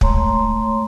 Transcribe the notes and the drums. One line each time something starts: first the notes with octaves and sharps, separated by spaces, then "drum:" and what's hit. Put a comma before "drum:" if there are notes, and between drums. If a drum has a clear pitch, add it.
G#3 A3 C#5 A#5 C6, drum: kick